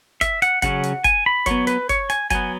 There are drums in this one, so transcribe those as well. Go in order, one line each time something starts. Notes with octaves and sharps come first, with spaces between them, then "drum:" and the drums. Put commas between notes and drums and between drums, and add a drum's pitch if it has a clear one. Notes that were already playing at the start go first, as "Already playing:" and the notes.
E5, drum: kick F#1, hi-hat
F#5, drum: hi-hat
C#3 F#3 C#4 F#5, drum: kick F#1, hi-hat
drum: hi-hat
G#5, drum: kick F#1, hi-hat
B5
F#3 B3 C#5, drum: kick F#1, hi-hat
B4, drum: hi-hat
C#5, drum: kick F#1, hi-hat
G#5, drum: hi-hat
F#3 B3 G#5, drum: kick F#1, hi-hat